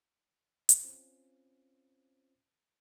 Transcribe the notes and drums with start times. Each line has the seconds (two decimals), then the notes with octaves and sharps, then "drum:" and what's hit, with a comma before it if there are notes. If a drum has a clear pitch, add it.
0.69 drum: hi-hat
0.83 C4 C#4 F4 C5